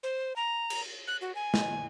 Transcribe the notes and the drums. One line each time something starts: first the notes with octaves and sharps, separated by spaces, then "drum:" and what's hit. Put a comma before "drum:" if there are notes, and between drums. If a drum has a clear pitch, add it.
C5
A#5
drum: cymbal
F#6
F#4
G#5
drum: snare